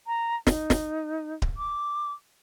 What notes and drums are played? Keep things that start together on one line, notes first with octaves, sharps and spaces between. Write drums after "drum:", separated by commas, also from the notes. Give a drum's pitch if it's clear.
A#5
D#4, drum: snare
drum: snare
drum: kick D1
D6